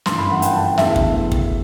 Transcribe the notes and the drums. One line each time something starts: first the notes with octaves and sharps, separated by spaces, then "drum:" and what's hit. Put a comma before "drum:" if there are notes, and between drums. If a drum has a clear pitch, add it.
G1 F#2 E3 A3 D4 C6, drum: snare
B5
F#5
G5, drum: hi-hat
A5
G5
E2 B2 A3 D4 E5, drum: snare
drum: kick
drum: kick